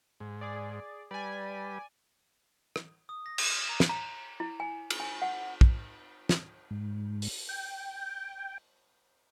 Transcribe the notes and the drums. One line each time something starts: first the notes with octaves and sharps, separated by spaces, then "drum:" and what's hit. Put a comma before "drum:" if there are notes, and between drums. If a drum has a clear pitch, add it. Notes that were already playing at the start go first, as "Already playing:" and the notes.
G#2
G#4 D5
G3 B4 D5 G#5
drum: rim click
D#6
A#6
G#6, drum: cymbal
F6
A#5
drum: snare
A#5
E4
G#5
drum: cymbal
G#5
F#5
drum: kick
drum: snare
G#2
drum: open hi-hat
G5